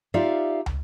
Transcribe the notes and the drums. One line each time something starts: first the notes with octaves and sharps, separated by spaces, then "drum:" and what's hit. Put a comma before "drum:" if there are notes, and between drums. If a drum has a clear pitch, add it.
D#4 F4 G4 D5 E5 F5
drum: tom